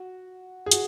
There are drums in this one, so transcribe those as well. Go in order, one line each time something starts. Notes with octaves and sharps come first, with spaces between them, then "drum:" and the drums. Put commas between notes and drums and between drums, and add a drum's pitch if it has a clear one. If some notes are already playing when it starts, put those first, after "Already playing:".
Already playing: F#4
G#4
F#4, drum: hi-hat